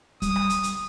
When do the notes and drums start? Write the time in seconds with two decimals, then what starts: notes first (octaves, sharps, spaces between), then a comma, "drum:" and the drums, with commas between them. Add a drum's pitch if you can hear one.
0.22 G3 D#6, drum: kick, hi-hat
0.36 drum: rim click
0.50 drum: hi-hat
0.64 drum: hi-hat